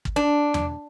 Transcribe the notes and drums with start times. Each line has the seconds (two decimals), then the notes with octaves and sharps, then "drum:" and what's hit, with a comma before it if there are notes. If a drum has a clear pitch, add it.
0.05 drum: kick
0.16 D4
0.54 drum: tom E2